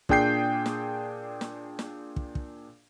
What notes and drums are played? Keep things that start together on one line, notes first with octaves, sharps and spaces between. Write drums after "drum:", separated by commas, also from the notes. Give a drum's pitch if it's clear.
A#2 D4 G#4 G5 G6 C7, drum: kick
drum: snare
drum: snare
drum: snare
drum: kick
drum: kick